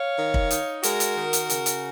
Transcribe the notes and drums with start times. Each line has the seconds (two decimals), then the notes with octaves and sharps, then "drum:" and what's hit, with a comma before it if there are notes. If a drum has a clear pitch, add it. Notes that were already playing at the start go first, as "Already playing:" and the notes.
Already playing: C#5 F5
0.18 D#3
0.34 drum: kick
0.51 D#4, drum: hi-hat
0.83 G#3 F#4 A#4, drum: hi-hat
1.00 drum: hi-hat
1.16 D#3
1.33 drum: hi-hat
1.50 C#3, drum: hi-hat
1.66 drum: hi-hat